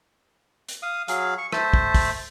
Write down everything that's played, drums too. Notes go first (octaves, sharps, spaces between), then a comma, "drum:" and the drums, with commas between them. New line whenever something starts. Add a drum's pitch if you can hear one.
drum: hi-hat
F5 D#6
F#3 G#4 F5, drum: hi-hat
C#6
A3 C5 E5 A5, drum: rim click
drum: kick
drum: kick, open hi-hat